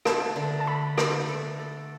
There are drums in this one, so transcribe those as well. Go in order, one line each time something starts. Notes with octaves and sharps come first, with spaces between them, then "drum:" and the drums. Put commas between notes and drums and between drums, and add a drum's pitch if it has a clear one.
A3 A5, drum: rim click
D3
A5
A4 B5
A3, drum: rim click
A4
A4